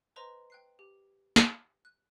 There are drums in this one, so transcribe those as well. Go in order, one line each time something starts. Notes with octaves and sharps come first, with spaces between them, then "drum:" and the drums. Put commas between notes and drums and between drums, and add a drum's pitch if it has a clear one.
B4 C5 D#5 A#5 C6
G5 F#6 C7
G4
drum: snare
F#6